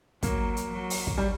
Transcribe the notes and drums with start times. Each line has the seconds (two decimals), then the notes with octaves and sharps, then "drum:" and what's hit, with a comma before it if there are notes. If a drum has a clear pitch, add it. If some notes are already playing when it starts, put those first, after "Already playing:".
0.23 F#3 A#3, drum: kick, hi-hat
0.57 drum: hi-hat
0.73 F#3
0.90 drum: open hi-hat
1.07 drum: kick
1.18 G3